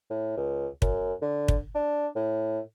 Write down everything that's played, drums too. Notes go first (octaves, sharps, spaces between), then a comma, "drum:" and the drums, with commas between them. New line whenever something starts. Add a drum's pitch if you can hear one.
A2
C#2
F#2, drum: kick
D3
drum: kick
D4
A2